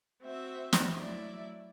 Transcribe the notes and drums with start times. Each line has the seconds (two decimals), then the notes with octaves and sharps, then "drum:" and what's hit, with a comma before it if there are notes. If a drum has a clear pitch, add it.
0.22 C4 F#4 E5
0.73 drum: snare
0.95 F#3 A3 E4 D5 E5